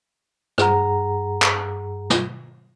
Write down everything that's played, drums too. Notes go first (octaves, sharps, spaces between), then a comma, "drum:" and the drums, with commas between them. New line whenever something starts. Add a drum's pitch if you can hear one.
G2 G#4 F#5 A#5, drum: rim click
drum: clap
drum: snare